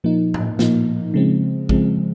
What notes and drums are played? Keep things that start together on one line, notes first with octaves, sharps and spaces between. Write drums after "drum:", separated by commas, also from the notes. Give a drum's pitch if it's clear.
A#2 F3 A#3 D#4
drum: tom A2
A#2 F3 A#3 D#4, drum: snare
C#3 F3 G#3 C4
C#3 F3 G#3 C4, drum: kick A1